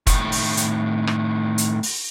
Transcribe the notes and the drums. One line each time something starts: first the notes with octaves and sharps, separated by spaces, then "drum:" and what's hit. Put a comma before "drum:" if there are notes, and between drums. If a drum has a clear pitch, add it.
A2 D#3, drum: kick, hi-hat
drum: open hi-hat
drum: hi-hat
drum: rim click
drum: hi-hat
drum: open hi-hat